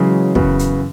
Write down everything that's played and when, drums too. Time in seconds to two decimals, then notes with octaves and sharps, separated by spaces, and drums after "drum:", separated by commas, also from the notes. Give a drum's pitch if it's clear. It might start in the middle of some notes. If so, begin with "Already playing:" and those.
Already playing: C#3 E3 F#3 G#3
0.35 F#2 C#3 E3 B3 F#4, drum: kick
0.59 drum: hi-hat